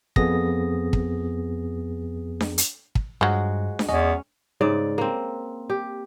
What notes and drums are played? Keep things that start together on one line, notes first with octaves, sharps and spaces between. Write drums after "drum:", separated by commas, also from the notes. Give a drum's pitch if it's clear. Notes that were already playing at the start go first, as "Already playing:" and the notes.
F2 B3 G#4 D#6 A#6, drum: kick
drum: kick
drum: snare D4
drum: hi-hat
drum: kick
G2 F3 F#3 G#3 F#4
drum: snare D4
E2 C#4 D#5
G#2 C#3 D5
A#3 C4
G4